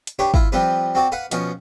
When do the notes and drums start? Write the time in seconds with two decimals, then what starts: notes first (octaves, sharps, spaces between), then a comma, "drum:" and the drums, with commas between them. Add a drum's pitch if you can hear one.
0.07 drum: hi-hat
0.19 D4 G4 B4 C#5
0.34 E4 F4, drum: kick
0.52 F3 G3 C4 B4
0.95 C4 F#4 D5
1.12 B4 F5 F#5
1.31 B2 F3 C#4, drum: hi-hat